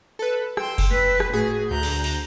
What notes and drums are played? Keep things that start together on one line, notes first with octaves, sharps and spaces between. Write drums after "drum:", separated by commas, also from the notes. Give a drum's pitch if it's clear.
A4 B4
G5 C6 E6, drum: rim click
drum: kick F#1, cymbal
B4
drum: rim click
A2 F#4 G#4
D2 A#5 F#6 G6
drum: cymbal
drum: cymbal